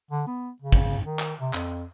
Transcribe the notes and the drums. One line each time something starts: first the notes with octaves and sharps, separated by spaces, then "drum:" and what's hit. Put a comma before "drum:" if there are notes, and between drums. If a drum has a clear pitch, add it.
D3
B3
C#3
drum: kick
D#3
drum: clap
C3
F2, drum: clap